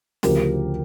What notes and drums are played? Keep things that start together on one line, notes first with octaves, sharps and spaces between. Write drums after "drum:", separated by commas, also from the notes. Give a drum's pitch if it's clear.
D2 C#3 F3 G4 A#4, drum: snare